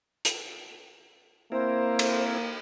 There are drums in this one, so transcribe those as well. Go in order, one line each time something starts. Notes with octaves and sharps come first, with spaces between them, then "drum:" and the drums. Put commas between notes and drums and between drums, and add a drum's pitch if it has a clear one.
drum: hi-hat
A#3 C4 E4 A#4 C5
drum: cymbal